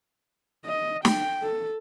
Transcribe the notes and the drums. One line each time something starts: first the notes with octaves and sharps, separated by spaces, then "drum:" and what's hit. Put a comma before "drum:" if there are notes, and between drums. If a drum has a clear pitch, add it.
D#5
G5, drum: snare
A4